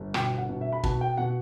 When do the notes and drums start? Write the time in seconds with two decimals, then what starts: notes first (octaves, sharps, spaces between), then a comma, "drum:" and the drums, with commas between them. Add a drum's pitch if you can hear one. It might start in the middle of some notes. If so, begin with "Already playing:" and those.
Already playing: G1 D3
0.14 B2 G5, drum: rim click
0.38 F#5
0.49 B2
0.61 E5
0.72 B5
0.84 B2 A5, drum: kick
1.01 G5
1.17 B2 F#5